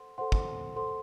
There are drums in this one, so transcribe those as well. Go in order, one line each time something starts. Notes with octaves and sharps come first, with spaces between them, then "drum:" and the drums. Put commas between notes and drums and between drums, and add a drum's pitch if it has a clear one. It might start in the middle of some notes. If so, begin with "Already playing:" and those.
Already playing: A4 C5 F#5 C6
A4 C5 F#5 C6
drum: kick
A4 C5 F#5 C6